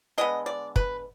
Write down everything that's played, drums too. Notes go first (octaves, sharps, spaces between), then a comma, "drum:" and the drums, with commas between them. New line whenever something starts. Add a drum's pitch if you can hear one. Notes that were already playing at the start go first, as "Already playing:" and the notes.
D3 G#3 B3 D#5
D5
B4, drum: kick